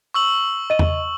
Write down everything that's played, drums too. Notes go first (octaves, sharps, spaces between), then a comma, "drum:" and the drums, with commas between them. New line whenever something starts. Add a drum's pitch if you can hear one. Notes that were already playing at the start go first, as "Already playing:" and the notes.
C#6 E6 F#7
D#5 D#7
drum: tom E2